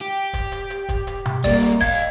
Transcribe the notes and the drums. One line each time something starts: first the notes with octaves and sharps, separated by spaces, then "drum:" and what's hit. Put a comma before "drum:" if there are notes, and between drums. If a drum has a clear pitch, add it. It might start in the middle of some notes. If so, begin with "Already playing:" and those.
G4
drum: kick, hi-hat
drum: hi-hat
drum: hi-hat
drum: kick, hi-hat
drum: hi-hat
drum: tom B2
G3 A#3 D5, drum: kick, hi-hat
drum: hi-hat
D#5 F5 G#6, drum: kick, hi-hat